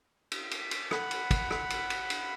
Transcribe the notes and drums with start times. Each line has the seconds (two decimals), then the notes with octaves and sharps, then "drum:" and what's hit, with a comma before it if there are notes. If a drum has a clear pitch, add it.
0.32 drum: cymbal
0.51 drum: cymbal
0.71 drum: cymbal
0.91 F#5 B5, drum: rim click
1.11 drum: cymbal
1.31 drum: kick, cymbal
1.50 drum: rim click
1.70 drum: cymbal
1.90 drum: cymbal
2.10 drum: cymbal